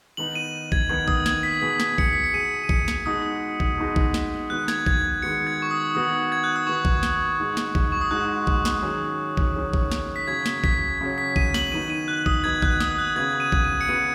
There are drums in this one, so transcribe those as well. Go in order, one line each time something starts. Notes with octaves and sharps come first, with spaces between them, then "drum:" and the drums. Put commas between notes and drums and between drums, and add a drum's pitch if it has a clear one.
D#3 B3 D#4 F#7
D#7
G#6, drum: kick A#1
D#3 B3 D#4 G#6
D#6, drum: kick A#1
G#6, drum: snare
B6
B2 B3 G#4 B6
drum: snare
C#7, drum: kick A#1
B6
C#7
B2 B3 G#4 D#7
D#7
C#7, drum: kick A#1
drum: snare
B2 G#3 D#4 F#4 D#6
drum: kick A#1
B2 G#3 D#4 F#4
drum: kick A#1
drum: snare
D#3 G#3 B3 F#4 F#6
G#6, drum: snare
G#6, drum: kick A#1
D#3 G#3 B3 F#4 C#7
G#6
C#6
D#6
D#3 B3 F#4 D#6
G#6
F#6
D#6
D#3 B3 F#4 C#6
drum: kick A#1
drum: snare
G#2 G#3 D#4 F#4
drum: snare
drum: kick A#1
C#6
D#6
G#2 G#3 D#4 F#4 F#6
drum: kick A#1
drum: snare
D#3 F#3 C#4 G#4
drum: kick A#1
D#3 F#3 C#4 G#4
drum: kick A#1
drum: snare
B6
F#2 C#3 F#3 G#6
drum: snare
B6, drum: kick A#1
F#2 C#3 F#3
B6
D#7, drum: kick A#1
F#7, drum: snare
D#3 B3 D#4 F#4 D#7
D#7
F#6
D#6, drum: kick A#1
D#3 B3 D#4 F#4 G#6
F#6, drum: kick A#1
D#6, drum: snare
D#6
F#6
C#3 B3 F#4 G#6
D#7
drum: kick A#1
D#7
C#7
C#3 B3 F#4 D#7